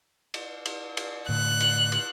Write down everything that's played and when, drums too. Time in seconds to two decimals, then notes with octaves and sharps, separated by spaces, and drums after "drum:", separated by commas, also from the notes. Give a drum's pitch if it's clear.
0.34 drum: cymbal
0.66 drum: cymbal
0.97 drum: cymbal
1.29 A2 D3 A3 F#6
1.60 drum: cymbal
1.92 drum: cymbal